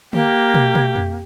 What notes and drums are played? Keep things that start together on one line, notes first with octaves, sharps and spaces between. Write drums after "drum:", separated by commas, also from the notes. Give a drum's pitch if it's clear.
A#3 G4, drum: tom D3
drum: tom
drum: tom
drum: tom F2